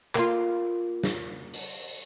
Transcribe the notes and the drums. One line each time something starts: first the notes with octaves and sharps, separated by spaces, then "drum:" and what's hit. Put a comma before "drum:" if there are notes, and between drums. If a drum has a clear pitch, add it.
A#3 F4, drum: clap
drum: snare
drum: open hi-hat